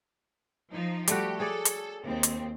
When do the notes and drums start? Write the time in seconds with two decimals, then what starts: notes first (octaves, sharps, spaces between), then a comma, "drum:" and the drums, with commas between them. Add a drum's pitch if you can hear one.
0.73 F3 D#4
1.08 G3 A3 F#4 G4, drum: hi-hat
1.40 G#4 A4 C#5 D5
1.65 drum: hi-hat
2.03 D#2 C4
2.23 drum: hi-hat